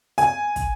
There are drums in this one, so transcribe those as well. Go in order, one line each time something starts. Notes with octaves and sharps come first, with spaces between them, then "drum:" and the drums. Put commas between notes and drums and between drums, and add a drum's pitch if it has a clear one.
G#5, drum: hi-hat
drum: kick, hi-hat